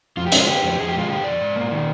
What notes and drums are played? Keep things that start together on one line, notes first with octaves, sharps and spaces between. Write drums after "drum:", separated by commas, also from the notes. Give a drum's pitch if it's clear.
F2 F4
G4
G#3 F4, drum: hi-hat
D3 G4
F2
F2 G#4
G4
G#3 F4
D3 G4
F2 D5
G#2
A#3
D#3